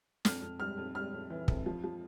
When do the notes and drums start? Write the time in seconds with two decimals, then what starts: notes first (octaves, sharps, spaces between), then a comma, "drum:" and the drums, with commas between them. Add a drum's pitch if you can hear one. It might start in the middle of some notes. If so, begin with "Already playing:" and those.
0.25 F2 F6, drum: snare
0.42 F2
0.60 G3 F6
0.78 F2
0.95 G3 F6
1.13 F2
1.30 E3
1.48 F2, drum: kick
1.66 F3
1.84 F3